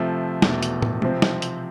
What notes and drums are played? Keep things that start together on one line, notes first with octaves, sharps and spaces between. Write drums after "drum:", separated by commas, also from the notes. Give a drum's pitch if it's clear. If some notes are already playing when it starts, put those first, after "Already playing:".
Already playing: C3 F3 A3
E1 E2 B2 A3, drum: snare
drum: hi-hat
drum: tom
C3 F3 C4, drum: tom
drum: snare
drum: hi-hat